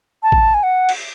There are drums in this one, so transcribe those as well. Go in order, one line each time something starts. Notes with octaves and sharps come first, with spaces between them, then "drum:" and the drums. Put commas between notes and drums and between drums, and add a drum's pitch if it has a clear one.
A5
drum: kick
G#5
F#5
drum: cymbal